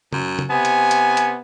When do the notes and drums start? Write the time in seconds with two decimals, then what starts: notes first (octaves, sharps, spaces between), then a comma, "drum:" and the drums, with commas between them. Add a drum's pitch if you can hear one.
0.13 F#2, drum: tom
0.39 drum: tom
0.50 C3 B3 G#5
0.65 drum: hi-hat
0.91 drum: hi-hat
1.17 drum: hi-hat